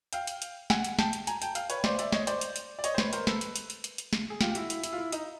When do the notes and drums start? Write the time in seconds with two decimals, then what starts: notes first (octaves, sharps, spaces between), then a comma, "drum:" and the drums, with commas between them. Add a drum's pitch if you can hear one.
0.13 F5 G5, drum: hi-hat
0.27 drum: hi-hat
0.42 drum: hi-hat
0.70 F#5 G#5, drum: snare
0.84 drum: hi-hat
0.99 G5 A5, drum: snare
1.13 drum: hi-hat
1.27 G#5 A#5, drum: hi-hat
1.42 G5 A5, drum: hi-hat
1.55 F5 G5, drum: hi-hat
1.70 B4 C#5, drum: hi-hat
1.84 C5 D5, drum: snare
1.99 D5 E5, drum: hi-hat
2.12 C#5 D#5, drum: snare
2.27 C5 D5, drum: hi-hat
2.41 drum: hi-hat
2.56 drum: hi-hat
2.79 D5
2.84 C#5 D#5, drum: hi-hat
2.95 C5
2.98 B4 C#5, drum: snare
3.13 A#4 C5, drum: hi-hat
3.27 A4 B4, drum: snare
3.41 drum: hi-hat
3.56 drum: hi-hat
3.70 drum: hi-hat
3.84 drum: hi-hat
3.98 drum: hi-hat
4.13 drum: snare
4.30 G#4
4.41 F4 G4, drum: snare
4.52 G4
4.55 E4 F#4, drum: hi-hat
4.70 E4, drum: hi-hat
4.84 E4, drum: hi-hat
4.93 F4
4.98 E4
5.12 D#4, drum: hi-hat